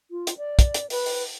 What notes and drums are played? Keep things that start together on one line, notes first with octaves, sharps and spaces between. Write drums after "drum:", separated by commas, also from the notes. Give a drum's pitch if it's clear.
F4
drum: hi-hat
D5
drum: kick, hi-hat
drum: hi-hat
B4, drum: open hi-hat
drum: open hi-hat